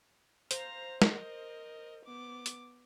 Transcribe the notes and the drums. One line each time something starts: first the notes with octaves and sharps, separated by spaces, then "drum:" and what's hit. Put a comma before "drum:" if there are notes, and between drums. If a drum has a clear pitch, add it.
C5 F5 A#5, drum: hi-hat
A#4 D#5, drum: snare
B3 D6
drum: hi-hat